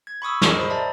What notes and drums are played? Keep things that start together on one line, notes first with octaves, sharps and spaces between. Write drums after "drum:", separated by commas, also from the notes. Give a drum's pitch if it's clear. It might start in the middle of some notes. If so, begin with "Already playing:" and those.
G#6
B5 C#6 D#6 E6
G#4 A#4 D#5, drum: snare
C5 B5
D5 E5 A5 A#5